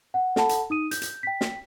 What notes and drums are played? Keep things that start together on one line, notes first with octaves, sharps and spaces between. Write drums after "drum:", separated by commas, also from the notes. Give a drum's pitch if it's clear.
F#5
A4 F#5 A5 B5, drum: snare
drum: hi-hat
D#4 D#6 D#7
G6, drum: hi-hat
drum: hi-hat
G5 B6
drum: snare